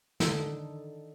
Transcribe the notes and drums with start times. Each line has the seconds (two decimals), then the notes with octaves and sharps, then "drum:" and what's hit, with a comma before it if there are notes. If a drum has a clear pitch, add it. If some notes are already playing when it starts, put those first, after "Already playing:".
0.20 D3 D#3 A4 D#6, drum: snare